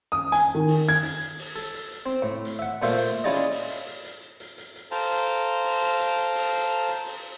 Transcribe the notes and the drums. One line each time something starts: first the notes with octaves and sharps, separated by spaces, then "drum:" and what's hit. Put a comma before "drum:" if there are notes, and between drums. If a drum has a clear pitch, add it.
D#6
G#5, drum: hi-hat
D#3
drum: open hi-hat
G#6
drum: hi-hat
drum: hi-hat
drum: open hi-hat
A4, drum: hi-hat
drum: hi-hat
drum: hi-hat
C4
A2
drum: hi-hat
E5 F#5
A#2 A3 C5 E5 F5, drum: open hi-hat
drum: hi-hat
C#4 E4 F4 G#4 D5 D#5
drum: hi-hat
drum: open hi-hat
drum: hi-hat
drum: hi-hat
drum: hi-hat
drum: hi-hat
drum: hi-hat
drum: hi-hat
A4 C5 F5 G5 A5 A#5, drum: open hi-hat
drum: hi-hat
drum: open hi-hat
drum: hi-hat
drum: hi-hat
drum: hi-hat
drum: open hi-hat
drum: hi-hat
drum: hi-hat
drum: open hi-hat